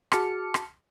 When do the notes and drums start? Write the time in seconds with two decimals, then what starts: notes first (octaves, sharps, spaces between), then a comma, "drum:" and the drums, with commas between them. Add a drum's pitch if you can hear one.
0.12 F#4 G#4 A5 D6 F6 C#7, drum: rim click
0.54 drum: rim click